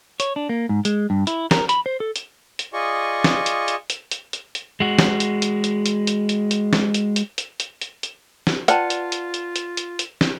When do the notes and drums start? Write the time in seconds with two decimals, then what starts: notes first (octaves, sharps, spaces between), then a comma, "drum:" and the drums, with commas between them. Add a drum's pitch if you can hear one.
0.20 C#5, drum: hi-hat
0.36 D4
0.49 A#3
0.69 G#2
0.85 G#3, drum: hi-hat
1.10 G2
1.27 E4, drum: hi-hat
1.51 A#4, drum: snare
1.69 B5, drum: hi-hat
1.86 C5
2.00 A4
2.16 drum: hi-hat
2.59 drum: hi-hat
2.73 F4 G#4 D5 D#5 C#6
3.24 drum: snare
3.46 drum: hi-hat
3.68 drum: hi-hat
3.90 drum: hi-hat
4.11 drum: hi-hat
4.33 drum: hi-hat
4.55 drum: hi-hat
4.80 G#3 F#4
4.99 drum: snare
5.20 drum: hi-hat
5.42 drum: hi-hat
5.64 drum: hi-hat
5.86 drum: hi-hat
6.07 drum: hi-hat
6.29 drum: hi-hat
6.51 drum: hi-hat
6.73 drum: snare
6.94 drum: hi-hat
7.16 drum: hi-hat
7.38 drum: hi-hat
7.60 drum: hi-hat
7.81 drum: hi-hat
8.03 drum: hi-hat
8.47 drum: snare
8.68 F4 B4 D5 F#5 A5, drum: hi-hat
8.90 drum: hi-hat
9.12 drum: hi-hat
9.34 drum: hi-hat
9.56 drum: hi-hat
9.77 drum: hi-hat
9.99 drum: hi-hat
10.21 drum: snare